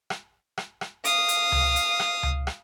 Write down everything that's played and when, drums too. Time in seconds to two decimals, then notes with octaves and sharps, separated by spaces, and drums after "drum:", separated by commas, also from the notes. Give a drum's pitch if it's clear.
0.10 drum: rim click
0.57 drum: rim click
0.81 drum: rim click
1.05 F5 D#6, drum: hi-hat
1.28 drum: hi-hat
1.52 drum: tom C#2
1.76 drum: hi-hat
1.99 drum: rim click
2.23 drum: tom C#2
2.47 drum: rim click